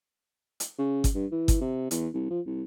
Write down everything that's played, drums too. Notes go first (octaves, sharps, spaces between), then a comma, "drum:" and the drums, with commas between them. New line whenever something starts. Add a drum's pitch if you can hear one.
drum: hi-hat
C#3
drum: kick G1, hi-hat
G2
E3
drum: kick G1, hi-hat
C3
E2, drum: hi-hat
C2
F3
C2